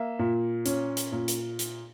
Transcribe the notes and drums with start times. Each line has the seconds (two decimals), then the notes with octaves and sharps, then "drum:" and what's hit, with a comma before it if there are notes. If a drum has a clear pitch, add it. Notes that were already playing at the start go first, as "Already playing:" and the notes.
Already playing: A#3 E5
0.19 A#2
0.65 C#4, drum: hi-hat
0.97 drum: hi-hat
1.12 A#2
1.28 drum: hi-hat
1.59 drum: hi-hat